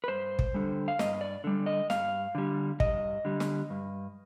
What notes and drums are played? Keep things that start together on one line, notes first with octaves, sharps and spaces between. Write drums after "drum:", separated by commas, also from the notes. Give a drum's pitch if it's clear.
B4
G2 C5
drum: kick
D3 G3
F5
G2 D#5, drum: snare
D5
D3 G3
D#5
G2 F5, drum: snare
D3 G3
G2 D#5, drum: kick
D3 G3
drum: snare
G2